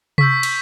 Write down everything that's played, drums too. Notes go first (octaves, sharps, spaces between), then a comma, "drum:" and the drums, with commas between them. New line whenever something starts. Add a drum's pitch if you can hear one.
C#6 E6 G6 B6, drum: tom C3
drum: cymbal